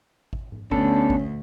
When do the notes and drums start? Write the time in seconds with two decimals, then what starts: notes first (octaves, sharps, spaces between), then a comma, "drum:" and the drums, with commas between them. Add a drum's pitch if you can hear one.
0.33 drum: kick G#1
0.52 drum: tom G#2
0.71 D2 B3 C#4 D4 A4, drum: kick G#1
1.10 drum: kick G#1